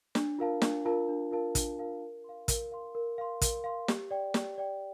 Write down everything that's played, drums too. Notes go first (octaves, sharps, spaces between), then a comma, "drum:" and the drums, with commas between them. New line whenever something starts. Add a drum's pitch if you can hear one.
D4, drum: snare
F4 A#4 F5 A5
D4, drum: snare
F4 A#4 F5 A5
D4
F4 A#4 F5 A5
D4, drum: kick, hi-hat
F4 A#4 F5 A5
A#4
F5 C6
A#4, drum: kick, hi-hat
F5 C6
A#4
F5 C6
A#4, drum: kick, hi-hat
F5 C6
G4, drum: snare
D5 G5
G4, drum: snare
D5 G5